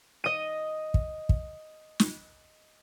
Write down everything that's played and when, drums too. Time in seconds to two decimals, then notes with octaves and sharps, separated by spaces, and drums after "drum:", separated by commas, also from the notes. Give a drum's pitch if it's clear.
0.24 D#5 D#7
0.94 drum: kick
1.29 drum: kick
2.00 drum: snare